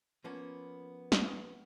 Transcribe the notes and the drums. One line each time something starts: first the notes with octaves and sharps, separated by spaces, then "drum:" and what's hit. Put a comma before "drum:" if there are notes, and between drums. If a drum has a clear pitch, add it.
F3 A#3 B3 C#4
drum: snare